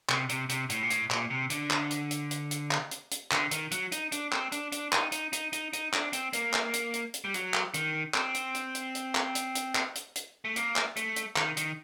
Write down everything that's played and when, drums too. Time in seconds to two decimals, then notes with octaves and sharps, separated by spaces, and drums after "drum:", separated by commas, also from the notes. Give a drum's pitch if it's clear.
0.09 C3, drum: clap
0.29 C3, drum: hi-hat
0.49 C3, drum: hi-hat
0.70 A2, drum: hi-hat
0.83 A#2
0.90 A2, drum: hi-hat
1.10 A#2, drum: clap
1.30 C3
1.50 D3, drum: hi-hat
1.70 drum: clap
1.91 drum: hi-hat
2.11 drum: hi-hat
2.31 drum: hi-hat
2.51 drum: hi-hat
2.71 drum: clap
2.91 drum: hi-hat
3.11 drum: hi-hat
3.31 D3, drum: clap
3.51 D#3, drum: hi-hat
3.71 F#3, drum: hi-hat
3.92 D#4, drum: hi-hat
4.12 D4, drum: hi-hat
4.32 C4, drum: clap
4.52 D4, drum: hi-hat
4.72 D4, drum: hi-hat
4.93 D#4, drum: clap
5.12 D#4, drum: hi-hat
5.33 D#4, drum: hi-hat
5.53 D#4, drum: hi-hat
5.73 D#4, drum: hi-hat
5.93 D4, drum: clap
6.13 C4, drum: hi-hat
6.33 A#3, drum: hi-hat
6.53 drum: clap
6.73 drum: hi-hat
6.94 drum: hi-hat
7.14 drum: hi-hat
7.24 G3
7.34 F#3, drum: hi-hat
7.54 drum: clap
7.74 D#3, drum: hi-hat
8.14 C4, drum: clap
8.34 drum: hi-hat
8.55 drum: hi-hat
8.75 drum: hi-hat
8.95 drum: hi-hat
9.15 drum: clap
9.35 drum: hi-hat
9.55 drum: hi-hat
9.75 drum: clap
9.95 drum: hi-hat
10.16 drum: hi-hat
10.45 A3
10.56 A#3, drum: hi-hat
10.76 drum: clap
10.96 A3, drum: hi-hat
11.16 drum: hi-hat
11.36 D#3, drum: clap
11.57 D#3, drum: hi-hat